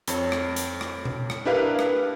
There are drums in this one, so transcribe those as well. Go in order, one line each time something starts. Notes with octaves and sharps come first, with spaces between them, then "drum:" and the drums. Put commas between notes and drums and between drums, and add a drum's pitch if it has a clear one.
F2 C#5, drum: hi-hat
drum: rim click
drum: hi-hat
drum: rim click
drum: tom B2
drum: rim click
D4 E4 G4 A#4 B4 F5
drum: rim click